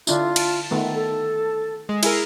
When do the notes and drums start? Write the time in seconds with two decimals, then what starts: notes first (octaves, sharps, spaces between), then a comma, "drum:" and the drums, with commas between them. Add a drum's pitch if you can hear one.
0.07 D3 D4 E4 F4, drum: tambourine
0.36 A5, drum: cymbal
0.71 D#3 A3 B3
0.94 A4
1.89 G#3
2.03 E4 G#4 A#4, drum: cymbal